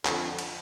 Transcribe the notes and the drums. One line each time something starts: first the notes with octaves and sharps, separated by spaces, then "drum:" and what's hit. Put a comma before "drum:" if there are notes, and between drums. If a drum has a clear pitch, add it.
F2 D3 F3, drum: clap
drum: cymbal